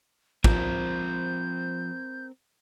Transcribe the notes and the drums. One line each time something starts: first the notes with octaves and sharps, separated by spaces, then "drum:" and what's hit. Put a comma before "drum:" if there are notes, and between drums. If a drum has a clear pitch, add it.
F3 C4 A#4 G6, drum: kick